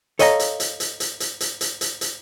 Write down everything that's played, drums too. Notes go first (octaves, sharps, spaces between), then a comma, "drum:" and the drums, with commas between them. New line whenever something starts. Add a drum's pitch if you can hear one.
A4 C#5 D#5 F5 G5 A#5, drum: hi-hat
drum: hi-hat
drum: hi-hat
drum: hi-hat
drum: hi-hat
drum: hi-hat
drum: hi-hat
drum: hi-hat
drum: hi-hat
drum: hi-hat